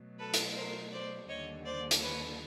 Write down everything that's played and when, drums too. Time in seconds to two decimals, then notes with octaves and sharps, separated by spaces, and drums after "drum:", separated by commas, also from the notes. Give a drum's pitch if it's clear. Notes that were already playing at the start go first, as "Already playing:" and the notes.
Already playing: B2 F#3 A3
0.19 A4 B4
0.34 drum: hi-hat
0.56 A#4 C5
0.92 C5 D5
1.29 D#2 D3 G3 C#5 D#5
1.65 C5 D5
1.91 drum: hi-hat
2.02 B4 C#5